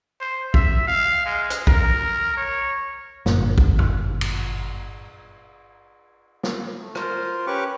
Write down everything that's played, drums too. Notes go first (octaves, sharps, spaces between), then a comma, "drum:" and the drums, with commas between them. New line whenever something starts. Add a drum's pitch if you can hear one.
C5
E5, drum: kick A#1
F5
G#3
drum: hi-hat
A#4, drum: kick A#1
C#5
G1 F#2 A#2 D4, drum: snare
drum: kick A#1
drum: tom F2
drum: cymbal
drum: snare
A3
F4 A#4 C5, drum: rim click
C#4 G4 B4 C#6 D6